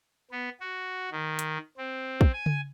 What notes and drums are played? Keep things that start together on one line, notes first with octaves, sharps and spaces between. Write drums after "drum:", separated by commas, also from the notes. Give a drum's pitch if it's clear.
B3
F#4
D#3
drum: hi-hat
C4
drum: kick
G#5
drum: tom C#3